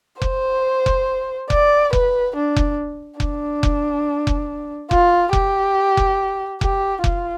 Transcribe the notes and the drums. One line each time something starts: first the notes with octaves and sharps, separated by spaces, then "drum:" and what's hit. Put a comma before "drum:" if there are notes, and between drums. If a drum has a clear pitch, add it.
C5, drum: kick F1
drum: kick F1
D5, drum: kick F1
B4, drum: kick F1
D4
drum: kick F1
D4, drum: kick F1
drum: kick F1
drum: kick F1
F4, drum: kick F1
G4, drum: kick F1
drum: kick F1
G4, drum: kick F1
F4, drum: kick F1